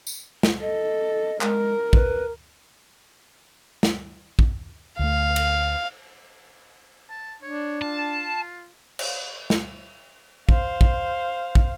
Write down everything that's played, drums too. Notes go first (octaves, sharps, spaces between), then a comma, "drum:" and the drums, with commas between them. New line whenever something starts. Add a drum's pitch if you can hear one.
drum: tambourine
drum: snare
A4 D#5
G#3 A#4, drum: clap
B4, drum: kick
drum: snare
drum: kick
D2 A3 F5
drum: cymbal
A5
D4 C#5
F4 A5
drum: cymbal
drum: snare
C5 F5, drum: kick
drum: kick
drum: kick